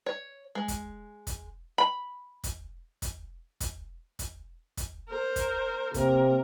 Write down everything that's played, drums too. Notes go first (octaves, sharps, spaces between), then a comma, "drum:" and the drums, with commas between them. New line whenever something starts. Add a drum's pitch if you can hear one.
C#5
G#3
drum: kick, hi-hat
drum: kick, hi-hat
B5
drum: kick, hi-hat
drum: kick, hi-hat
drum: kick, hi-hat
drum: kick, hi-hat
drum: kick, hi-hat
A#4 C5
drum: kick, hi-hat
C3 A#3 A#4, drum: kick, hi-hat